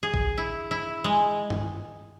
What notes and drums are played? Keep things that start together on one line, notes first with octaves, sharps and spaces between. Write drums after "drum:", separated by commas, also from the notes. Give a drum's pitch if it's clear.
G#4
drum: kick A1
E4
E4
G#3
drum: tom G2